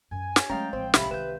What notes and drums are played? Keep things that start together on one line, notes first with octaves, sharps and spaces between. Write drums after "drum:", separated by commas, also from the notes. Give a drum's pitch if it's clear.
F#2 G#5
G4 C#5, drum: snare
F#3 G#3 A3 C#4 F5 G5 A#5 A6
A1 F3 C4 C5
C2 G4 E5 B5, drum: snare
D#3 B4 G6 E7